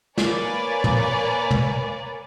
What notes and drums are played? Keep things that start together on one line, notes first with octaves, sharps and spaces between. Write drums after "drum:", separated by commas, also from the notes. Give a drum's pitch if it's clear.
A#3 B4 C#5 D5 G#5, drum: snare
drum: tom
drum: tom